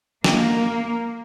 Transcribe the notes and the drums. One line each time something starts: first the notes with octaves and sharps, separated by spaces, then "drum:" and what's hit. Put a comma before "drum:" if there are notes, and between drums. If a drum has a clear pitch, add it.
A#3, drum: snare